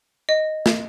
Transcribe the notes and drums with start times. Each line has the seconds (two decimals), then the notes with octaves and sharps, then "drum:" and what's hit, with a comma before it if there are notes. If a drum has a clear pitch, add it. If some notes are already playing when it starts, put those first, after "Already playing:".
0.29 D#5
0.66 drum: snare